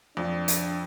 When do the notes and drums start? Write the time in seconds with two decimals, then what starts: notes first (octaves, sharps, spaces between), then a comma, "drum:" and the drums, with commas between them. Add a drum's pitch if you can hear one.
0.17 F2 D4
0.48 drum: hi-hat